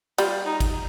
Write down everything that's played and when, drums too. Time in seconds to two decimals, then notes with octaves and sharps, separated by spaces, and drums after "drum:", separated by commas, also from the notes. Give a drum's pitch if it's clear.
0.18 G3 F4, drum: cymbal
0.46 D#4
0.60 drum: kick G#1, cymbal